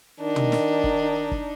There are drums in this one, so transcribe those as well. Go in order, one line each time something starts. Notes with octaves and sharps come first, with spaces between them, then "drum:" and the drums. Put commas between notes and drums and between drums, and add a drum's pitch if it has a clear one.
D#3 D4 D#4
drum: tom
drum: snare
drum: kick
drum: kick